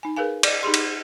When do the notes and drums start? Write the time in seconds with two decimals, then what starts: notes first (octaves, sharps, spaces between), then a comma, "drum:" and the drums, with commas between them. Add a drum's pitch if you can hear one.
0.03 D#4 G#5
0.16 G#4 A#4 B4 F5 G#5
0.43 D5 D#5, drum: cymbal
0.63 D#4 G4 G#4 C6
0.74 drum: cymbal